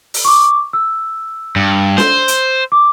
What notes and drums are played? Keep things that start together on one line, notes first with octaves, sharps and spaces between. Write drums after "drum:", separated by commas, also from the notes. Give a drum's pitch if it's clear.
drum: open hi-hat
C#6 D6
E6
G2
C5, drum: snare
drum: hi-hat
D6